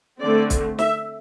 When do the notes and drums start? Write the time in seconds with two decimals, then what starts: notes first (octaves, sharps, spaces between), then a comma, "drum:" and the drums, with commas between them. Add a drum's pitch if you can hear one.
0.20 D3 A3 C4 D5
0.50 drum: kick, hi-hat
0.79 E5, drum: snare